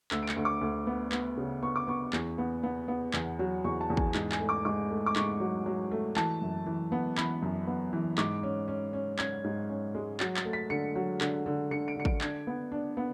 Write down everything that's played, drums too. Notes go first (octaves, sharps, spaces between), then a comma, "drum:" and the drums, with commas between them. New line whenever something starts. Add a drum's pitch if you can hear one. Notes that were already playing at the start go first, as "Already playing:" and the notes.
D2 E6, drum: clap
D7
C#7, drum: clap
D2
D6
D2
B3
B3, drum: clap
C#3
B3 C#6
D6
B3 C#6
E2, drum: clap
B3
B3
B3
E2, drum: clap
F#3
E2 C#6
A5
E2
G#5, drum: kick
G#2, drum: clap
G#5, drum: clap
A3
D6
G#2 D6
A3
D6
G#2 C#6, drum: clap
F#3
F#3
A3
E3 A5, drum: clap
F#2
E3
B3
E3 B5, drum: clap
F#2
B3
E3
G#2 D6, drum: clap
C#4
C#4
C#4
C#4 G#6, drum: clap
G#2
C#4
G#3
F#3 A6, drum: clap
A6, drum: clap
A3
B6
D3 C#7
F#3
D3, drum: clap
D3
D3 C#7
D7
D3 C#7
D7, drum: kick
D4 G#6, drum: clap
B3
D4
B3